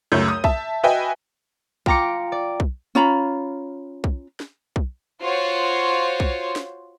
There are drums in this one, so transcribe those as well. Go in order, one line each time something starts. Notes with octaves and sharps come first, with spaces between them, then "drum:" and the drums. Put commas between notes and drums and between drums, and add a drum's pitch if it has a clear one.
C#2 F#2 A3 G6
D#6
E5 A5, drum: kick B1
F#4 B4 D#5 E5 G5 G#5
F4 G5 A#5 D6 C#7, drum: kick B1
D5
drum: kick B1
C#4 F4 A#5 B5
drum: kick B1
drum: snare
drum: kick B1
F4 F#4 C5 C#5
drum: kick B1
drum: snare